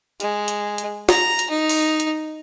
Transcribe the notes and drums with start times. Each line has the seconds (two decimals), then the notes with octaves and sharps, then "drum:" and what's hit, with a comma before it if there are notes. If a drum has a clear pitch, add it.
0.20 G#3, drum: hi-hat
0.48 drum: hi-hat
0.78 drum: hi-hat
1.09 A#5, drum: snare
1.39 drum: hi-hat
1.50 D#4
1.69 drum: open hi-hat
2.00 drum: hi-hat